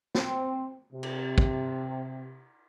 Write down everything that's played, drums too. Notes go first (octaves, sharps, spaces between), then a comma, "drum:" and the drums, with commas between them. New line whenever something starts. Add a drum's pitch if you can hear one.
C4, drum: snare
C3
drum: cymbal
drum: kick